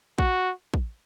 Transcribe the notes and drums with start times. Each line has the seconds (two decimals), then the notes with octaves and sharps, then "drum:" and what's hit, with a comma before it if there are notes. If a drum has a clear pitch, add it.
0.18 F#4, drum: kick
0.74 drum: kick